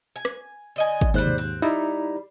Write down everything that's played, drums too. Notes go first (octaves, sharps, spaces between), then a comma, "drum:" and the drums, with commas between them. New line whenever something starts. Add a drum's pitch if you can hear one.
G#5
drum: rim click
D3 D#5 G#5
drum: kick
D#2 G#2 G3 C5 F#6
drum: tom B2
C4
G3 D#4 E4 A#5